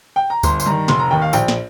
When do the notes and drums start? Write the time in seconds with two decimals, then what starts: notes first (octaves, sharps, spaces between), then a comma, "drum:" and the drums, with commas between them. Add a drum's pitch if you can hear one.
0.16 G5
0.30 A#5
0.43 G1 C6, drum: kick D2, tambourine
0.60 C6, drum: tambourine
0.66 G2 D#3 A#5
0.88 F1 C6, drum: snare
0.99 A#5
1.11 D#2 D#3 G5
1.22 F5
1.33 A#1 G5, drum: tambourine
1.48 drum: snare